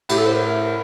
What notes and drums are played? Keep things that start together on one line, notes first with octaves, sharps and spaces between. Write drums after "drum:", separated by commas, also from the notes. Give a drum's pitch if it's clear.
A2 G4, drum: cymbal
A4
C5
A#4